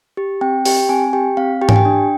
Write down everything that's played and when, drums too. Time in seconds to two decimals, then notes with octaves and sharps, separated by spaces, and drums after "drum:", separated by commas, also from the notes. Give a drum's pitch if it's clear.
0.17 G4
0.41 C4 G5
0.65 G4 G5, drum: open hi-hat
0.89 C4 G#5
1.13 G4 G5
1.37 C4 F5
1.61 G4 G5
1.69 G#5, drum: tom G#2
1.76 G5
1.85 D4